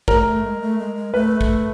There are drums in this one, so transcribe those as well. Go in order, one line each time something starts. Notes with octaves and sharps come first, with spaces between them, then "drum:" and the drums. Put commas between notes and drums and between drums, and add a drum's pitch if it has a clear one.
A3 A#4, drum: kick
A3
G#3
A3
G#3
G#3
A3 B4
A3, drum: kick